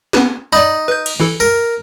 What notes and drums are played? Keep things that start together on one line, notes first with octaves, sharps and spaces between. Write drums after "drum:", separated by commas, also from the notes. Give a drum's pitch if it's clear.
B3 B4, drum: snare
D#4 D5 B5
B4 G6
drum: cymbal
E3 E4 A4
A#4